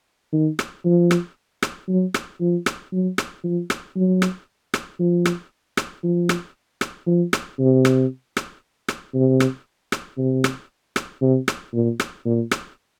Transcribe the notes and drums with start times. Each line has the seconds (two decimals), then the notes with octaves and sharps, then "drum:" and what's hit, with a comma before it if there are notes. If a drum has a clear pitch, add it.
0.33 D#3
0.59 drum: rim click
0.85 F3
1.11 drum: rim click
1.62 drum: rim click
1.88 F#3
2.14 drum: rim click
2.40 F3
2.66 drum: rim click
2.93 F#3
3.18 drum: rim click
3.44 F3
3.70 drum: rim click
3.96 F#3
4.22 drum: rim click
4.74 drum: rim click
5.00 F3
5.25 drum: rim click
5.77 drum: rim click
6.04 F3
6.29 drum: rim click
6.81 drum: rim click
7.07 F3
7.33 drum: rim click
7.59 C3
7.85 drum: rim click
8.37 drum: rim click
8.88 drum: rim click
9.15 C3
9.40 drum: rim click
9.92 drum: rim click
10.18 C3
10.44 drum: rim click
10.96 drum: rim click
11.22 C3
11.48 drum: rim click
11.74 A#2
12.00 drum: rim click
12.25 A#2
12.51 drum: rim click